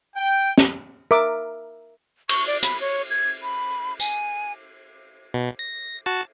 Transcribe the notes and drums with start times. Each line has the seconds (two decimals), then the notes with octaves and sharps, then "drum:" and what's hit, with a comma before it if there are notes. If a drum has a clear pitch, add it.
0.16 G5
0.58 drum: snare
1.11 A#4 E5 D6
2.29 C#6, drum: cymbal
2.47 D5
2.63 B5, drum: hi-hat
2.81 C#5
3.10 G#6
3.43 B5
4.00 G#5, drum: tambourine
5.34 B2
5.59 A#6
6.06 F#4 A5